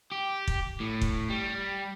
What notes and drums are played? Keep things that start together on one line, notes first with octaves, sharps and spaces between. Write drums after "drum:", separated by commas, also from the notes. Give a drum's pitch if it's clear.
G4
drum: kick
A2
drum: kick
G3